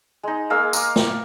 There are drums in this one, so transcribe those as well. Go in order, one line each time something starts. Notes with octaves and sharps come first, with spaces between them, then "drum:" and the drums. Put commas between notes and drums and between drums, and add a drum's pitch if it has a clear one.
G#3 D#4
G#3 A#3 F5 E6
A#4 F5 D6, drum: tambourine
drum: snare